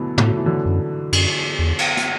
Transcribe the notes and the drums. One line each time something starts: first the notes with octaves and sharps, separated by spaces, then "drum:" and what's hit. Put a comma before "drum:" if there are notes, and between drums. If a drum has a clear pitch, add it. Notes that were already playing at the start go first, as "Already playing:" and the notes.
Already playing: B2 D3 E3 F#3 A3 B3
A2 A3, drum: tom
F#3
E3
D3 F#3
F#2
F#2, drum: cymbal
E2
drum: cymbal
drum: hi-hat